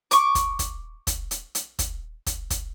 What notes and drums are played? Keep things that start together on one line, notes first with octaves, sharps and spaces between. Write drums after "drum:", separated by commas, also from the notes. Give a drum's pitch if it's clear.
C#6 D6, drum: hi-hat
drum: kick, hi-hat
drum: kick, hi-hat
drum: kick, hi-hat
drum: hi-hat
drum: hi-hat
drum: kick, hi-hat
drum: kick, hi-hat
drum: kick, hi-hat